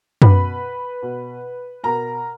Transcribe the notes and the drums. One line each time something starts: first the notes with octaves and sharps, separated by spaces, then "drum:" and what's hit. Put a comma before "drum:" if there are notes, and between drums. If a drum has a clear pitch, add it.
B2 B4 B5, drum: tom F#2
B2
B2 A#4 A#5